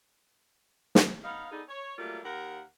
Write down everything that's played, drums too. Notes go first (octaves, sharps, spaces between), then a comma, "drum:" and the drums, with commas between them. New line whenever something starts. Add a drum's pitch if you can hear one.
drum: snare
B3 D#4 F5
B3 D4 D#4 G#4 A4
C#5
F#3 G3 A3 A#3 F4
D#2 A#4 F5 F#5